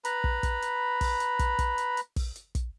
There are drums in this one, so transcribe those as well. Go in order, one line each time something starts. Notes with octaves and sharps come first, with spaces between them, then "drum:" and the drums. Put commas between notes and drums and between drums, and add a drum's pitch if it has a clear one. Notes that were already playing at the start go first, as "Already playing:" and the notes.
B4 A#5 B5, drum: hi-hat
drum: kick
drum: kick, hi-hat
drum: hi-hat
drum: kick, open hi-hat
drum: hi-hat
drum: kick, hi-hat
drum: kick, hi-hat
drum: hi-hat
drum: hi-hat
drum: kick, open hi-hat
drum: hi-hat
drum: kick, hi-hat